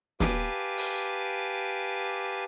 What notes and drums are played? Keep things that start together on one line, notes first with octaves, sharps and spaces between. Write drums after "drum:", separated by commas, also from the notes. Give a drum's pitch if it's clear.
G4 B4 F5 G#5 A5 D6, drum: snare
drum: open hi-hat